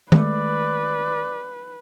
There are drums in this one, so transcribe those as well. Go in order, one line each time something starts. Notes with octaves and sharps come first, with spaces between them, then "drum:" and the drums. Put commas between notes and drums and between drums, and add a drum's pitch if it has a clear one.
D#3 G#3 A3 B4 D5, drum: tom D#3